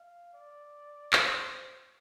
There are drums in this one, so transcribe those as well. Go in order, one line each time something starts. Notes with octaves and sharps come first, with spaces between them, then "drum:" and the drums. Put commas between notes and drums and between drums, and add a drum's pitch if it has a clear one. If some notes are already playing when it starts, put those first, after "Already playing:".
Already playing: F5
D5
C5, drum: clap